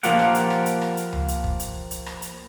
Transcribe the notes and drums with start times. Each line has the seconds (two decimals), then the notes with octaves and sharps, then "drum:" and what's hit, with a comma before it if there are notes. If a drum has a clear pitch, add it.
0.03 F3 A#3 F4 G4 A#4 F#5, drum: hi-hat
0.19 drum: rim click
0.35 drum: hi-hat
0.50 drum: rim click
0.66 drum: hi-hat
0.81 drum: rim click
0.97 drum: hi-hat
1.13 drum: tom C#2
1.28 drum: hi-hat
1.44 drum: kick
1.60 drum: hi-hat
1.91 drum: hi-hat
2.06 drum: rim click
2.22 drum: hi-hat